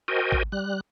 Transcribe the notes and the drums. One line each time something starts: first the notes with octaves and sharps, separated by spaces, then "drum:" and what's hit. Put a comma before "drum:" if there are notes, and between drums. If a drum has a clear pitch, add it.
F#4 A#4 C5 D#5 G5 G#5
drum: kick G#1
G3 F#6